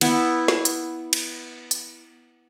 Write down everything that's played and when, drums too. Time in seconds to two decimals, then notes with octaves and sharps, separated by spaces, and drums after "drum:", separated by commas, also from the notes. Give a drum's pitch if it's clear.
0.01 B3 E4, drum: cymbal
0.48 drum: snare
0.65 drum: hi-hat
1.13 drum: cymbal
1.71 drum: hi-hat